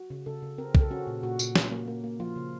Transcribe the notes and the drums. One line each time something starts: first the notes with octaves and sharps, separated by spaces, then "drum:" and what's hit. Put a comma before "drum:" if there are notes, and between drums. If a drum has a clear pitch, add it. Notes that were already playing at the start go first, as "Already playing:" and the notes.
Already playing: F#4
C#3
C#3 A4
C#3
C4 A#4
C#3, drum: kick
A4
C#4 F#4
A#2
A#2 F#4
A#2, drum: tambourine
C#4, drum: snare
A#3
A#3
A#3
F3 F4
C#3